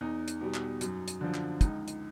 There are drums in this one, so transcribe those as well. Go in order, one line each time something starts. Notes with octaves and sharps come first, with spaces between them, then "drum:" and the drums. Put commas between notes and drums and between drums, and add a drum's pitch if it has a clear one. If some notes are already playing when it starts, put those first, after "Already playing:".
E2 D#4
drum: hi-hat
B2 G3
drum: clap
F#2, drum: hi-hat
drum: hi-hat
D3 F3
drum: clap
C#2 D#4, drum: kick, hi-hat
drum: hi-hat